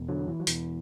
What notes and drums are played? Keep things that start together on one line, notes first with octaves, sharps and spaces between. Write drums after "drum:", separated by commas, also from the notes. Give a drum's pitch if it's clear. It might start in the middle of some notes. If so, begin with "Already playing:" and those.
Already playing: E2 B2
D3 F#3
E3
F#3
E2 B2 E3, drum: hi-hat